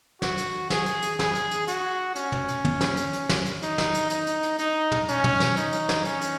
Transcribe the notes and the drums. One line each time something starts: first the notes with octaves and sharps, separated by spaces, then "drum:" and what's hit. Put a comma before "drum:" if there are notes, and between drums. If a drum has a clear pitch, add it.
F#4, drum: snare
drum: hi-hat
G#4, drum: snare
drum: hi-hat
drum: hi-hat
G#4, drum: snare
drum: hi-hat
drum: hi-hat
F#4, drum: hi-hat
C#4, drum: hi-hat
drum: tom
drum: hi-hat
drum: tom
drum: snare
drum: hi-hat
drum: hi-hat
drum: snare
drum: hi-hat
D#4, drum: hi-hat
drum: snare
drum: hi-hat
D#4, drum: hi-hat
drum: hi-hat
drum: hi-hat
D#4, drum: hi-hat
drum: tom
C#4, drum: hi-hat
drum: tom
drum: snare
D#4, drum: hi-hat
drum: hi-hat
drum: snare
C#4, drum: hi-hat
drum: hi-hat